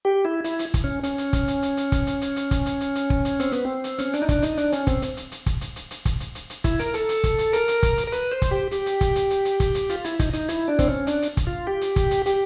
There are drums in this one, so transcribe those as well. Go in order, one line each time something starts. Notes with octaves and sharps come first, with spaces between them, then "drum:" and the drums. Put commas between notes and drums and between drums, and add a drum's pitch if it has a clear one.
G4
E4
E4, drum: hi-hat
drum: hi-hat
drum: kick, hi-hat
C#4
C#4, drum: hi-hat
drum: hi-hat
drum: kick, hi-hat
drum: hi-hat
drum: hi-hat
drum: hi-hat
drum: kick, hi-hat
drum: hi-hat
drum: hi-hat
drum: hi-hat
drum: kick, hi-hat
drum: hi-hat
drum: hi-hat
drum: hi-hat
drum: kick
drum: hi-hat
C4, drum: hi-hat
B3, drum: hi-hat
C4
drum: hi-hat
C#4, drum: hi-hat
D4, drum: hi-hat
D#4
D4, drum: kick, hi-hat
D#4, drum: hi-hat
D4, drum: hi-hat
C#4, drum: hi-hat
C4, drum: kick, hi-hat
drum: hi-hat
drum: hi-hat
drum: hi-hat
drum: kick, hi-hat
drum: hi-hat
drum: hi-hat
drum: hi-hat
drum: kick, hi-hat
drum: hi-hat
drum: hi-hat
drum: hi-hat
E4, drum: kick, hi-hat
A#4, drum: hi-hat
A4, drum: hi-hat
drum: hi-hat
drum: kick, hi-hat
drum: hi-hat
A#4, drum: hi-hat
drum: hi-hat
drum: kick, hi-hat
drum: hi-hat
A#4
B4, drum: hi-hat
C5
drum: kick, hi-hat
G4
G4, drum: hi-hat
drum: hi-hat
drum: kick, hi-hat
drum: hi-hat
drum: hi-hat
drum: hi-hat
drum: kick, hi-hat
drum: hi-hat
F4, drum: hi-hat
E4, drum: hi-hat
D#4, drum: kick, hi-hat
D#4, drum: hi-hat
E4, drum: hi-hat
D4
C4, drum: kick, hi-hat
C#4
D4, drum: hi-hat
drum: hi-hat
drum: kick, hi-hat
F4
G4
drum: hi-hat
drum: kick, hi-hat
drum: hi-hat
G4, drum: hi-hat